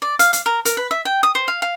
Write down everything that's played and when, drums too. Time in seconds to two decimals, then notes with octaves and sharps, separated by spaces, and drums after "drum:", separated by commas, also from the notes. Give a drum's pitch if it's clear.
0.02 D5
0.19 F5, drum: hi-hat
0.33 F5, drum: hi-hat
0.46 A#4
0.65 A#4, drum: hi-hat
0.77 B4
0.91 E5
1.05 G5
1.23 D#6
1.35 C5
1.48 F5
1.62 F5